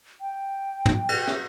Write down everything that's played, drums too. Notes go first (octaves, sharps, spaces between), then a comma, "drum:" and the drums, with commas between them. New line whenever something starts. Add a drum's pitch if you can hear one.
G5
drum: tom
drum: cymbal
drum: rim click